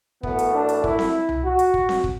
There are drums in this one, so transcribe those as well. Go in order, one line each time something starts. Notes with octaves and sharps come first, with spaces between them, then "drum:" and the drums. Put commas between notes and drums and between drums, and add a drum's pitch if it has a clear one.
F#2 E3 A3 B3, drum: kick
drum: hi-hat
D4
drum: hi-hat
E4, drum: kick
drum: snare C4
drum: tom C2
F#4
drum: hi-hat
drum: kick
drum: snare C4
drum: kick